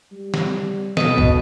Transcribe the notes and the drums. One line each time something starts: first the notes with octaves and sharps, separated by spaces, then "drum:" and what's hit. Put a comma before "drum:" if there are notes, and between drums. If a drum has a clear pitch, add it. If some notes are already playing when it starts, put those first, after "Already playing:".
G3
drum: snare
B2 A4 B4 D#5, drum: snare
drum: kick